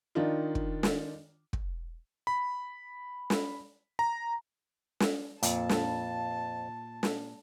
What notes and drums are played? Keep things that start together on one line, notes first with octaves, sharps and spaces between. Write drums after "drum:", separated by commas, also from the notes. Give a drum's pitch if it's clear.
D#3 D4 D#4 F4
drum: kick
drum: snare
drum: kick
B5
drum: snare
A#5
drum: snare
F2 A#2 A5, drum: hi-hat
drum: snare
drum: snare